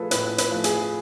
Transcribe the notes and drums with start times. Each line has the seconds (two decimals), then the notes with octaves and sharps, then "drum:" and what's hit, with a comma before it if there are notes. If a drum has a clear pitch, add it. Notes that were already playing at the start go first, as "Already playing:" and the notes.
Already playing: F3 A3 G#4 A4 B4
0.11 A2 B4, drum: hi-hat
0.38 B4, drum: hi-hat
0.51 F3 A3
0.64 G#4, drum: hi-hat